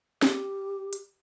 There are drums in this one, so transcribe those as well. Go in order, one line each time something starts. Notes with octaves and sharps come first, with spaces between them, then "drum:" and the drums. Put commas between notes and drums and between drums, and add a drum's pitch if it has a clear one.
G4, drum: snare
drum: hi-hat